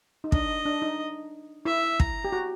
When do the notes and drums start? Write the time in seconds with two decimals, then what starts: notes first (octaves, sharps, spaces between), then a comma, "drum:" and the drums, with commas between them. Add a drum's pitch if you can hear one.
0.24 D#4
0.32 D4 D#5, drum: kick
0.65 D4
0.82 D#4
1.65 E4 E5
2.00 A#5, drum: kick
2.24 G4
2.32 F#4